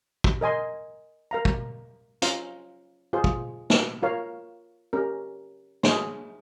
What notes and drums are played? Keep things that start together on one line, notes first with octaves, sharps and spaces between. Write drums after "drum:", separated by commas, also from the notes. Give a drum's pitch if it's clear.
drum: kick
A#4 D#5 G#5 C6
A#4 F5 A#5
drum: kick
C#4 F4 C5 F5 A#5, drum: hi-hat
F4 G#4 C5
drum: kick
drum: snare
F4 A#4 C#5 F5
C#4 G4 A#4
G#4 C#5 G#5 C6, drum: snare